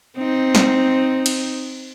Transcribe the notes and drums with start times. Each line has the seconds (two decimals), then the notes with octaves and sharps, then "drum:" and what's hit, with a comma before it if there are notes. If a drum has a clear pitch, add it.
0.18 C4 D#4
0.55 drum: snare
1.26 drum: cymbal